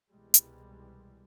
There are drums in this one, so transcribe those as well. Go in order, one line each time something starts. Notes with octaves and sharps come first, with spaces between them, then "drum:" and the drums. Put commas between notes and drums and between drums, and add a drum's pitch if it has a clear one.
C2 B2 E3 G3 G#3
drum: hi-hat